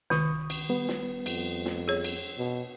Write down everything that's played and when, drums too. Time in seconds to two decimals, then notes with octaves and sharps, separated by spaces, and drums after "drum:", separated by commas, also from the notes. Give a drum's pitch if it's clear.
0.10 C2 D#3 C#6 D#6, drum: snare
0.50 drum: cymbal
0.69 G3 B3
0.89 drum: snare
1.26 F2, drum: cymbal
1.66 drum: snare
1.88 G#4 C#5
2.04 drum: cymbal
2.38 B2